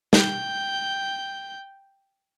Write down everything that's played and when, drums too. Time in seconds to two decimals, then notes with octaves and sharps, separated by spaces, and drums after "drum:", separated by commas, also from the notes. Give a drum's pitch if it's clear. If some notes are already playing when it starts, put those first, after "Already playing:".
0.13 G5 G6, drum: snare